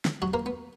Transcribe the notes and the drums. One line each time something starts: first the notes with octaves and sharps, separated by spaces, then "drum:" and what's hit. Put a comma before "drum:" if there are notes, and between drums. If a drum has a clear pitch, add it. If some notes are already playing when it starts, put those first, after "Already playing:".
drum: snare
F#3 F#4
A#3 A#4
B3